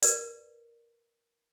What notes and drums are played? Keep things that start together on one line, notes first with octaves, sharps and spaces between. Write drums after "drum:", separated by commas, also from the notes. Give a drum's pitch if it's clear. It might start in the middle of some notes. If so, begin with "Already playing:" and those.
A#4 B4 D5, drum: hi-hat